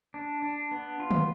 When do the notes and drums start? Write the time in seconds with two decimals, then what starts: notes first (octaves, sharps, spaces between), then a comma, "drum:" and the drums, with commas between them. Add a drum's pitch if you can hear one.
0.14 D4
0.42 D4
0.71 B3
1.00 F4
1.11 drum: tom D3